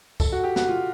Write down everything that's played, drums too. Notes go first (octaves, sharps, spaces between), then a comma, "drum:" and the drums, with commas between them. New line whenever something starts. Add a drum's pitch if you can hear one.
A4, drum: kick, tambourine
F#4
G4
F#4, drum: snare
F4